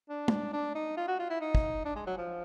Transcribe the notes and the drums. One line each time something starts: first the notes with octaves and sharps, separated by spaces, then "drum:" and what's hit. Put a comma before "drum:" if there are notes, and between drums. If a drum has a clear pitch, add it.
D4
drum: tom
D4
D#4
F4
F#4
F4
E4
D#4
drum: kick
D4
G#3
F#3
F3